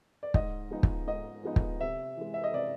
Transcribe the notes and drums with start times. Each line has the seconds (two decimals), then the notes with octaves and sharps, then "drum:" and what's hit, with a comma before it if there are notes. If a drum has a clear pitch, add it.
0.23 D5
0.34 G#2 D#5, drum: kick
0.70 F3 G#3 B3 D#4
0.83 drum: kick
1.07 G#2 D#5
1.43 F3 G#3 B3 D#4
1.56 drum: kick
1.80 C3 E5
2.17 E3 G#3
2.34 E5
2.44 D#5
2.53 C3 D5